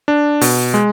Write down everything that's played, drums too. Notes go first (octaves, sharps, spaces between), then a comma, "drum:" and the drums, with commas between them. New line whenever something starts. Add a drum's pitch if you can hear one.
D4
B2, drum: open hi-hat
G#3